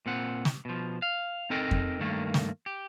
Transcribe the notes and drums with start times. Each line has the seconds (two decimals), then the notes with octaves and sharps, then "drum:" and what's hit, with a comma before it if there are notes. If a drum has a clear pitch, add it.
0.06 A#2 C4 F#5
0.45 drum: snare
0.65 B2 F3
1.02 F5
1.50 C4 D#4 A4 A#4 D#5 G5
1.71 drum: kick F2
2.00 G2 D#3 A3 A#3
2.34 drum: snare
2.66 G4